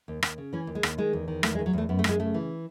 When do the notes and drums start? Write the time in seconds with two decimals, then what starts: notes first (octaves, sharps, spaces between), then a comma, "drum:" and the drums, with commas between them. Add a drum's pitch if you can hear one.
0.08 D#2
0.23 D#2, drum: rim click
0.38 C#3
0.53 E3 C#4
0.67 D#2
0.75 G#3
0.83 D#2, drum: rim click
0.98 D#3 G#3
1.13 E2
1.28 D#3
1.43 E2 A3, drum: rim click
1.55 G#3
1.59 D#3
1.66 F#3
1.73 E2 A3
1.89 F#2 B3
1.99 A3
2.04 F#2 G#3, drum: rim click
2.19 C#3 A3
2.34 E3